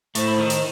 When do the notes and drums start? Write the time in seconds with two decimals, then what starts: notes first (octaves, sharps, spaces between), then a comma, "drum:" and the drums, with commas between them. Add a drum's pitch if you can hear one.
0.15 A2 A3 C5, drum: hi-hat
0.28 E4
0.38 D#3 D#4
0.50 drum: hi-hat